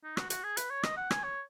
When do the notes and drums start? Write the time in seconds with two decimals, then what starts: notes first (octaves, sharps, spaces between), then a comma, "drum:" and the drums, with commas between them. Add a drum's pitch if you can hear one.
0.04 D#4
0.17 F#4, drum: rim click
0.30 F#4, drum: hi-hat
0.44 G#4
0.57 B4, drum: hi-hat
0.70 C#5
0.83 D#5, drum: rim click
0.97 F#5
1.11 G#5, drum: rim click
1.23 C#5